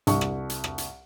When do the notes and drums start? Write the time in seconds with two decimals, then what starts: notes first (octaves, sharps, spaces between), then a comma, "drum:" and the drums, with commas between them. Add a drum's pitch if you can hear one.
0.07 C2 C#6, drum: hi-hat
0.21 drum: rim click
0.50 drum: hi-hat
0.64 drum: rim click
0.78 drum: hi-hat